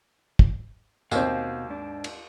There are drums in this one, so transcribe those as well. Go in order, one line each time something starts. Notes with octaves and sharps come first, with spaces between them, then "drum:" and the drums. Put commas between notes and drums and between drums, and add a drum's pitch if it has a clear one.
drum: kick
D#2 B2 C4 F#4 F5, drum: tambourine
G#2 D4
drum: cymbal